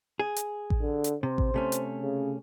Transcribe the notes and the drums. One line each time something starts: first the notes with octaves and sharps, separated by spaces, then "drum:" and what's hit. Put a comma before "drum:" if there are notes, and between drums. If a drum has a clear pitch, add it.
G#4
drum: hi-hat
drum: kick A1
D3
drum: hi-hat
C3 C5
drum: kick A1
C3 A3 C#4
drum: hi-hat
C#3